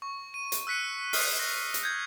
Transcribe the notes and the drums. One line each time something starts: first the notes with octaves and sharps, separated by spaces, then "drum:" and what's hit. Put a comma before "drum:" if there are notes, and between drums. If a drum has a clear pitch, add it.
C#6
D#7
drum: hi-hat
E6 F#6 B6 C#7 D#7
D#6 F6 C7, drum: open hi-hat
F#6 A#6
drum: hi-hat
G6 G#6